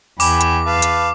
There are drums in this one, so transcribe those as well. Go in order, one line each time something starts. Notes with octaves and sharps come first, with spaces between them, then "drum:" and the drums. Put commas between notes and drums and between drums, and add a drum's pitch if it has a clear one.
E2 G5 G#5 B5 D6, drum: open hi-hat
drum: hi-hat
B4 F5 A5
drum: hi-hat